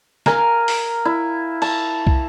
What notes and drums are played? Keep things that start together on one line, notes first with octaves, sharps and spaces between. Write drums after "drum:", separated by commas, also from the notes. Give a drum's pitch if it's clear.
A#4 F5 G#5, drum: snare
drum: open hi-hat
E4
A5, drum: cymbal
drum: kick